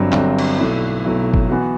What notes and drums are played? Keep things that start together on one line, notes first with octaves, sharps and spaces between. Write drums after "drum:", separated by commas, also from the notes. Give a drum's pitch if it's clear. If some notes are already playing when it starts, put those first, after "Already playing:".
Already playing: G1 G2 F#3 C4
G1 G2 F#3 C4, drum: clap
drum: cymbal
B1 B2 F#3 A3 E4
B1 B2 F#3 A3 E4
drum: kick G1
E3 B3 F#4